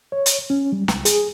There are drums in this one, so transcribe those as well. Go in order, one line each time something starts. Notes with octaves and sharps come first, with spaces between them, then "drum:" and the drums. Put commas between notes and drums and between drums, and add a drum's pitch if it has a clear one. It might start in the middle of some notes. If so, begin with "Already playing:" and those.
C#5
drum: hi-hat
C#4
G3
C2, drum: snare
G#4, drum: hi-hat